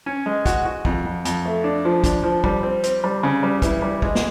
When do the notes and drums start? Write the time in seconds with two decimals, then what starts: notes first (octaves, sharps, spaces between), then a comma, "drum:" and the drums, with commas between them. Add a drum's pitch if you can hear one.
0.06 C#4
0.26 G#3
0.46 F#4, drum: kick, hi-hat
0.65 F#4
0.85 F2, drum: kick
1.06 F2
1.25 F2, drum: hi-hat
1.45 A3
1.64 D4
1.85 F3
2.04 D4, drum: kick, hi-hat
2.24 F3
2.44 G3, drum: kick
2.63 C4
2.83 C4, drum: hi-hat
3.04 G3
3.23 C#3
3.43 G3
3.62 E3, drum: kick, hi-hat
3.82 G3
4.02 G#3, drum: kick
4.15 drum: snare